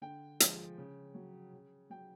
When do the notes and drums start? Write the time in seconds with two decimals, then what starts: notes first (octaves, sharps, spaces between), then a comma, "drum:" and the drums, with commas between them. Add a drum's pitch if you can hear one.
0.02 D3 G5
0.40 F3 G#3, drum: hi-hat
0.78 C#3
1.15 F#3
1.53 C#3
1.90 F#3 G5